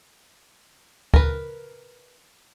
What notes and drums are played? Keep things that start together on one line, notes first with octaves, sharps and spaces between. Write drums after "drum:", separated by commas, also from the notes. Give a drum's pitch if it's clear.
A#4 B4, drum: kick